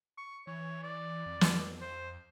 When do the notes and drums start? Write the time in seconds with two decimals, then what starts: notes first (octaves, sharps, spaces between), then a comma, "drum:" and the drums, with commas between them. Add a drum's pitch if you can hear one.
0.17 C#6
0.47 E3 C#5
0.83 D5
1.26 F2
1.41 drum: snare
1.81 C5